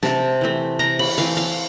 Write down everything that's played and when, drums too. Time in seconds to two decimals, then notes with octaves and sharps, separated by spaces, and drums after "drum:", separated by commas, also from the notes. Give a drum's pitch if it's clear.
0.03 C3 A5, drum: snare
0.41 E3 A3 C4
0.79 C3 A#5
0.99 B5, drum: cymbal
1.18 E3 A3 C4 F5
1.37 F5